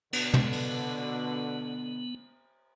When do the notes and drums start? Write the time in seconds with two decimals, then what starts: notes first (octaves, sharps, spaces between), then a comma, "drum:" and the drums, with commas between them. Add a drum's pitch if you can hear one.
0.13 B2 D3 B3, drum: cymbal
0.34 drum: tom
0.52 drum: open hi-hat